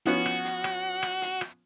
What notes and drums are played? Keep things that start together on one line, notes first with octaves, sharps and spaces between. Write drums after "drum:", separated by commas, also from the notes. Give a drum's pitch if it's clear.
F3 B3 C#4 F#4, drum: hi-hat
drum: rim click
drum: hi-hat
drum: rim click
drum: rim click
drum: hi-hat
drum: rim click